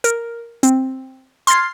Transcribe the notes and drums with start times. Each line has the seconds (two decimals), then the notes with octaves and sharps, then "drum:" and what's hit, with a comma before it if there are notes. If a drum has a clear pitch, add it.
0.04 A#4, drum: hi-hat
0.63 C4, drum: hi-hat
1.47 C6 F6 G#6 A6 C7, drum: hi-hat